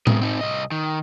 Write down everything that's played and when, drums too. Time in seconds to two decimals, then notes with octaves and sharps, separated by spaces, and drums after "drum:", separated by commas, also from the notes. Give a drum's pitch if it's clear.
0.07 G#3 B3, drum: tom A2
0.22 C4 D#4
0.41 C2 D#5
0.72 D#3